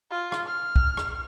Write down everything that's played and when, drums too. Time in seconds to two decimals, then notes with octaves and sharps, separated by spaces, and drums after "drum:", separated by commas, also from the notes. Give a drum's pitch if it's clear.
0.10 F4
0.32 drum: rim click
0.47 F6
0.76 drum: kick
0.97 drum: rim click